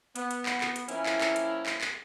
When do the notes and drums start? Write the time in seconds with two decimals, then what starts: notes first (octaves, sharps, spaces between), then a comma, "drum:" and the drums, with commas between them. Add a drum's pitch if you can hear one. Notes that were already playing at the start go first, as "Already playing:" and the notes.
0.16 B3, drum: hi-hat
0.31 drum: hi-hat
0.46 drum: clap
0.61 drum: clap
0.76 drum: hi-hat
0.89 F3 A#3 C4 C#4 E4, drum: hi-hat
1.06 drum: clap
1.21 drum: clap
1.36 drum: hi-hat
1.66 drum: clap
1.81 drum: clap